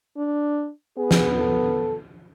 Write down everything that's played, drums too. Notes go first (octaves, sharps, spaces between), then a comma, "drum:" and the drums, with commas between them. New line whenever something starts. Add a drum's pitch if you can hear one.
D4
B3 G#4
drum: snare
A4